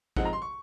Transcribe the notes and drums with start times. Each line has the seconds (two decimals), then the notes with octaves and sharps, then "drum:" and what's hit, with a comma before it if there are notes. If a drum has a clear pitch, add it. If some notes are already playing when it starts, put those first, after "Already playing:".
0.16 F3 G#3 C4 D#4 F#5, drum: kick G#1
0.25 A#5
0.33 C6
0.42 C#6